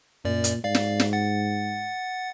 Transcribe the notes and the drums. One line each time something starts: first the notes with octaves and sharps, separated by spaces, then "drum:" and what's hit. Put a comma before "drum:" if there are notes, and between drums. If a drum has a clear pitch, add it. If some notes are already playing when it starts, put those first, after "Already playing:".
F#2 A#2 D5
drum: hi-hat
G#2 D5 F5
drum: snare
drum: snare
F#5 A6